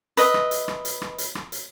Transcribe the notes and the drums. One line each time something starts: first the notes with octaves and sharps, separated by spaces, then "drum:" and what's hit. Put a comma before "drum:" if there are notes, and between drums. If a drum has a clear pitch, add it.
B4 D#5 E5, drum: hi-hat
drum: rim click
drum: hi-hat
drum: rim click
drum: hi-hat
drum: rim click
drum: hi-hat
drum: rim click
drum: hi-hat